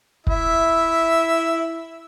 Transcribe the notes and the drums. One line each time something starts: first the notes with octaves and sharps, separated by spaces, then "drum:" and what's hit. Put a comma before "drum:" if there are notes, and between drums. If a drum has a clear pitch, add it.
E4 E5, drum: kick